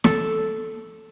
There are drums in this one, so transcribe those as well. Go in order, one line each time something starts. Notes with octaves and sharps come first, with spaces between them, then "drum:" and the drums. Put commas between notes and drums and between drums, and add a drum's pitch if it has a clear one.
A4, drum: snare